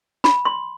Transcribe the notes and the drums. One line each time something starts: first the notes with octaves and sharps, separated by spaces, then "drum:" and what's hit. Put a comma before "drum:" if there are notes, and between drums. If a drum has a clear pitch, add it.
B5, drum: snare
C6